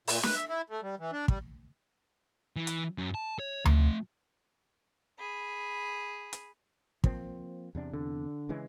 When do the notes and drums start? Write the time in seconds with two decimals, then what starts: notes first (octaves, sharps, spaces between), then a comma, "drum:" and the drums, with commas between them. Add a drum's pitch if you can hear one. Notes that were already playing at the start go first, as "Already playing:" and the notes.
0.08 A#2, drum: open hi-hat
0.23 B4, drum: snare
0.36 E5
0.49 E4
0.70 A3
0.82 G3
0.99 E3
1.12 D4
1.28 G3, drum: kick
2.56 E3
2.67 drum: hi-hat
2.98 F#2
3.14 A5
3.39 C#5
3.65 F3 A3, drum: tom D2
5.19 G#4 B5
6.33 drum: hi-hat
7.04 F3 A#3 C4, drum: kick
7.75 E2 C3 D4
7.94 D3
8.49 C#3 E3 G#3